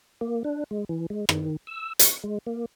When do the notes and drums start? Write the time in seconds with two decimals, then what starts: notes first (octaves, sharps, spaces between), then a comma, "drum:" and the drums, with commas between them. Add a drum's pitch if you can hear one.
0.21 A#3
0.44 D4
0.71 G#3
0.89 E3
1.10 G#3
1.29 D#3, drum: rim click
1.67 E6
1.99 C#6, drum: hi-hat
2.24 G#3
2.46 A#3